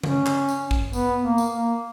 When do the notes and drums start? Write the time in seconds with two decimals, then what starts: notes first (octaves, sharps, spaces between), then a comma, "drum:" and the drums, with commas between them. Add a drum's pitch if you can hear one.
0.04 C#4, drum: tom C#3
0.26 drum: clap
0.49 drum: tambourine
0.71 drum: kick
0.93 B3, drum: tambourine
1.23 A#3
1.38 drum: tambourine
1.53 A#3